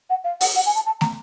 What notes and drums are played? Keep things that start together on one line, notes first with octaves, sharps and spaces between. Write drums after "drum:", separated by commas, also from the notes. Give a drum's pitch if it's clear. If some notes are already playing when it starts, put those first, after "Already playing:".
F#5
F5
F#5, drum: open hi-hat
F#5
G#5
A5
A5
A#5, drum: snare